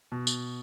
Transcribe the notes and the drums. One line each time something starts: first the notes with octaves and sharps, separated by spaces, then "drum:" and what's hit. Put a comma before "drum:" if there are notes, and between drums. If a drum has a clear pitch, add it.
B2
drum: tambourine